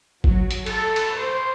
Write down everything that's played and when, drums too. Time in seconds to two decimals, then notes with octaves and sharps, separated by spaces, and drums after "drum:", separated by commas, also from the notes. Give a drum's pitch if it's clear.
0.24 F#3, drum: kick G#1
0.51 drum: hi-hat
0.66 A4, drum: cymbal
0.96 drum: cymbal
1.18 C5